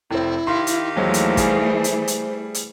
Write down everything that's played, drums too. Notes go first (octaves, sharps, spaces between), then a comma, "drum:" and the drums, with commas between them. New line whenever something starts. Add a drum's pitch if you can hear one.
F1 C4 E4
D#3 G4 F5 C6
drum: hi-hat
D#2 E3 F#3 G#3 A3 C5
drum: hi-hat
G3 G#4, drum: kick, hi-hat
drum: hi-hat
drum: hi-hat
drum: hi-hat